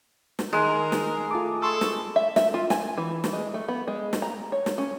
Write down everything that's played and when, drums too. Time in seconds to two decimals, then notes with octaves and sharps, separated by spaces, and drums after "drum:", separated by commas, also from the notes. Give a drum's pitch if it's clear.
0.39 drum: snare
0.53 D#3 G#3 A#4
0.92 drum: snare
1.31 A3 F4 A5 D6
1.62 E4 A4 A5 C6 C#6 E6
1.81 drum: snare
2.16 E5
2.36 E5, drum: snare
2.54 F4
2.70 G#5, drum: snare
2.98 E3
3.24 drum: snare
3.33 G#3
3.54 A3
3.68 B3
3.88 G#3
4.13 drum: snare
4.22 A#5
4.52 C#5
4.66 drum: snare
4.78 C#4